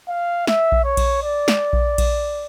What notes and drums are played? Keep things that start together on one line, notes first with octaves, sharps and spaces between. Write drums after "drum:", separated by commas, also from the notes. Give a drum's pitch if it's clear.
F5
E5, drum: snare
drum: kick A#1
C#5
drum: kick A#1, cymbal
D5
drum: snare
drum: kick A#1
drum: kick A#1, cymbal